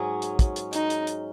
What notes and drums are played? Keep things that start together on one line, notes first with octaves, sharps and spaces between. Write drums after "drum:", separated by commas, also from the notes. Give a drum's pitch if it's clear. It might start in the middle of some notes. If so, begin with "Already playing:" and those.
Already playing: G#2 F#3 C#4 G#4
drum: hi-hat
drum: kick, hi-hat
drum: hi-hat
D#4, drum: hi-hat
drum: hi-hat
drum: hi-hat